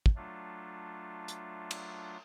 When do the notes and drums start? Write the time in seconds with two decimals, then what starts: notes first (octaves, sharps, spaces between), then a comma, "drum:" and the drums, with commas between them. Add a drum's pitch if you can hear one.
0.06 drum: kick
0.16 F#3 A3 D4 F4
1.28 drum: hi-hat
1.71 drum: cymbal